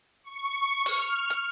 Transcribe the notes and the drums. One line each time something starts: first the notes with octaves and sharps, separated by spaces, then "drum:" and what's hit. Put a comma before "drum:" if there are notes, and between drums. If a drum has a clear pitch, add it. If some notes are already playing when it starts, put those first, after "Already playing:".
C#6
F6, drum: open hi-hat
drum: hi-hat